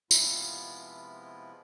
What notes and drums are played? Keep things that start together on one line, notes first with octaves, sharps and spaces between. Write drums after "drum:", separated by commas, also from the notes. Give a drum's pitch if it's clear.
C3 F3 G#3 B3 E4 F4, drum: tambourine